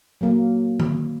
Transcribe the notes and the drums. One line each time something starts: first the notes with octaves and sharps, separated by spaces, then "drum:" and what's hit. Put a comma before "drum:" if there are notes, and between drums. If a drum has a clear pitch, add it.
F#3 A#3
drum: tom D#3